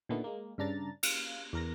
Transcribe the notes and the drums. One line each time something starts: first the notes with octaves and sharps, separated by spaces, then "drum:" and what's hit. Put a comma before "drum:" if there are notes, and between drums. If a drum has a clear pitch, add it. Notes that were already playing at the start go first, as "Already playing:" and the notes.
A#2 D3 D#3 A3 B3
G#3 A#3
G2 C#3 D4 A#5 A6
F5, drum: cymbal
E2 A#4 A#6